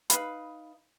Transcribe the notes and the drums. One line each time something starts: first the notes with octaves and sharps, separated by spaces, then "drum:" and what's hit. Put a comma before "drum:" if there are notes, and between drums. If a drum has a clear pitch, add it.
D#4 B4 F5 B5, drum: hi-hat